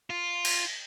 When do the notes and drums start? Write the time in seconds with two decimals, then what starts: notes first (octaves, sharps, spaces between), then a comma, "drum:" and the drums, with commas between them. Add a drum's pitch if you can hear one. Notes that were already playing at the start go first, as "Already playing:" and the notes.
0.10 F4
0.45 drum: cymbal